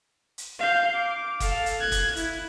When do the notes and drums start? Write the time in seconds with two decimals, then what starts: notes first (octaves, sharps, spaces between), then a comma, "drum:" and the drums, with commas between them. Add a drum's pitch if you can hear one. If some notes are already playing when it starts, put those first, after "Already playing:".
0.38 drum: hi-hat
0.60 F5 G6
0.95 D6
1.40 A4 F5, drum: kick F#1, hi-hat
1.66 drum: hi-hat
1.81 F#6 G#6
1.92 drum: kick F#1, hi-hat
2.16 E4, drum: hi-hat